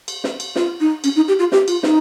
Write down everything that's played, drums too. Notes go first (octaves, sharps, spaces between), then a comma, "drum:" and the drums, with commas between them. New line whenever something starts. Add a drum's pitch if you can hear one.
drum: cymbal
drum: snare
drum: cymbal
F4, drum: snare
D#4
C#4, drum: cymbal
D#4
G4
F4
G4, drum: snare
F4, drum: cymbal
D#4, drum: snare